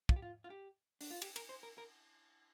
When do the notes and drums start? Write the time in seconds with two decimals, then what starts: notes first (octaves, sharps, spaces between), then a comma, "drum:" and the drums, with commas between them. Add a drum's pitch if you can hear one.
0.09 F4, drum: kick
0.16 G4
0.22 F4
0.44 F4
0.50 G4
1.01 D4, drum: open hi-hat
1.11 F4
1.22 G4, drum: cymbal
1.36 A#4, drum: cymbal
1.49 C5
1.63 A#4
1.78 A#4